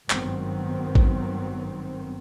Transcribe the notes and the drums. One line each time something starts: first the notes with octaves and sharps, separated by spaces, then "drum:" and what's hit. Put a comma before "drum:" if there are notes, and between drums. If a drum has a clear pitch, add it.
G#1 G2 D#3 F#3 B3 C4, drum: clap
drum: kick G#1